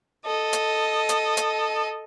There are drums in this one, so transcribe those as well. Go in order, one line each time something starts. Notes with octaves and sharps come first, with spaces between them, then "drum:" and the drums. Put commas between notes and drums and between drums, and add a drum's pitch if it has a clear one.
A4 D#5
drum: hi-hat
drum: hi-hat
drum: hi-hat